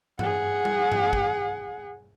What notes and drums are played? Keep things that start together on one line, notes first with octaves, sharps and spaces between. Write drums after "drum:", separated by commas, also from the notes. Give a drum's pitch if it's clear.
G#4 F#5, drum: tom G2
drum: tom G3
drum: tom G2
drum: kick